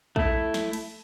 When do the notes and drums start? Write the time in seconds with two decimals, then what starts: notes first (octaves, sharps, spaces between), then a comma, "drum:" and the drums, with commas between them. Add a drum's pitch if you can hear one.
0.16 A3 E4, drum: kick
0.54 drum: snare
0.73 drum: cymbal